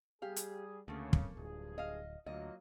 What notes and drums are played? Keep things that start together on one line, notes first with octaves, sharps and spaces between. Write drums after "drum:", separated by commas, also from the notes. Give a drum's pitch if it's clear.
G3 G4 G#4 F5
drum: hi-hat
D2 C#3 A3 A#3
drum: kick
D1 G2 F3 G#4
D#5 F5
D2 F#3 A#3 F4 D#5